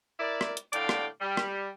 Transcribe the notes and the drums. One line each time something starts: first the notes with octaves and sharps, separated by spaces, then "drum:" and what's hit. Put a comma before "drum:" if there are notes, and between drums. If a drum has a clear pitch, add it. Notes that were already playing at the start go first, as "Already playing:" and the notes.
E4 A#4 D5
drum: rim click
drum: hi-hat
A2 D3 D5 F5 G5, drum: hi-hat
drum: rim click
G3
drum: rim click